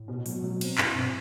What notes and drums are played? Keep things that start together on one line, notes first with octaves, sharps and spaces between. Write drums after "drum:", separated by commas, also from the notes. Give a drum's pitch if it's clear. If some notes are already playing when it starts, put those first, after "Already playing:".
Already playing: A2
B2
F#3, drum: open hi-hat
F#3
C4, drum: cymbal
G2 E4, drum: clap
B2 C4